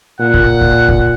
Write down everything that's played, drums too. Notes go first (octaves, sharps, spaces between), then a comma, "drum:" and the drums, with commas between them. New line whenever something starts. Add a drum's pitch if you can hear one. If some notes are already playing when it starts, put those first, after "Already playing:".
A#2 F#5
drum: kick
drum: kick
drum: kick